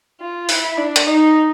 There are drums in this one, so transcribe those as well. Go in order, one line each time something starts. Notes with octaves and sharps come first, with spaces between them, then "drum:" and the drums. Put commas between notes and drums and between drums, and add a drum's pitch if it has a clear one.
F4
E4, drum: open hi-hat
D4
drum: hi-hat
D#4